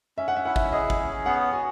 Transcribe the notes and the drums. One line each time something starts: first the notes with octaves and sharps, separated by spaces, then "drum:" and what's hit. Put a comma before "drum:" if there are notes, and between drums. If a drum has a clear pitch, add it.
C#4 E5
F#5
E5
E4 F#5
E5, drum: kick G#1
G#4 D#5
drum: kick G#1
C#4
B3 F#5
F#4 G#5